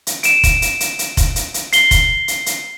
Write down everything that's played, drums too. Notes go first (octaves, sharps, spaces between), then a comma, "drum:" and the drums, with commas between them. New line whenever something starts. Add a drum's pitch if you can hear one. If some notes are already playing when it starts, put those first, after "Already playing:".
drum: hi-hat
D7 E7, drum: hi-hat
drum: kick F1, hi-hat
drum: hi-hat
drum: hi-hat
drum: hi-hat
drum: kick F1, hi-hat
drum: hi-hat
drum: hi-hat
C7 G7, drum: hi-hat
drum: kick F1, hi-hat
drum: hi-hat
drum: hi-hat